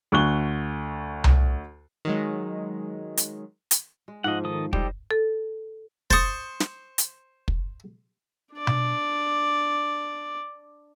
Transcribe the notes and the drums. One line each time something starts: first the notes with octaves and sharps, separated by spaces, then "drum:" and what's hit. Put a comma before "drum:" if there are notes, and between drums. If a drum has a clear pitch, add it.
D2 C#6 F#6 G7
drum: tom C2
D#3 F#3 G#3
drum: hi-hat
drum: hi-hat
G#3
G#2 F3 D#5 F#5
D#3 A4 D#6
G3 G4 A4 C5 D#5, drum: kick
A4
C5 C#6 D#6 A6, drum: kick
drum: snare
drum: hi-hat
drum: kick
D4 D5
drum: tom B2